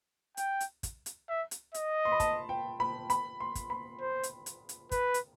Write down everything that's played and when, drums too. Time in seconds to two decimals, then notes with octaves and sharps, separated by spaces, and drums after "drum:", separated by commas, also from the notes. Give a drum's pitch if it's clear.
0.37 G5, drum: hi-hat
0.60 drum: hi-hat
0.83 drum: kick, hi-hat
1.06 drum: hi-hat
1.29 E5
1.51 drum: hi-hat
1.74 D#5, drum: hi-hat
2.05 C6
2.12 B5
2.20 A5, drum: kick, hi-hat
2.49 G5
2.80 B5
3.10 B5, drum: hi-hat
3.40 C6
3.55 drum: kick, hi-hat
3.70 B5
4.01 C5
4.23 drum: hi-hat
4.46 drum: hi-hat
4.69 drum: hi-hat
4.91 B4, drum: kick, hi-hat
5.14 drum: hi-hat